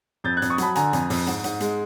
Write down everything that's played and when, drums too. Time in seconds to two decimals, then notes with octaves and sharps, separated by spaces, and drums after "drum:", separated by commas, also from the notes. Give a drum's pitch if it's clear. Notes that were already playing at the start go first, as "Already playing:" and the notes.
0.24 F2 G6 A6
0.37 F#6 G#6
0.42 F2, drum: hi-hat
0.50 C#6 D#6
0.58 F#3 A5 B5, drum: hi-hat
0.75 D3 G#5 A#5, drum: hi-hat
0.93 F2, drum: hi-hat
1.10 F2, drum: open hi-hat
1.27 G#2, drum: hi-hat
1.44 G#2, drum: hi-hat
1.60 G#3, drum: hi-hat